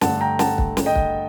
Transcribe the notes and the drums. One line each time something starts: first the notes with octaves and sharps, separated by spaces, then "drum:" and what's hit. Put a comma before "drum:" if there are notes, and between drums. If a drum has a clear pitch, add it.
G2 D3 A3 F#5 A5, drum: snare
G5 A#5
F#5 A5, drum: snare
drum: kick
drum: snare
D#5 G5
drum: kick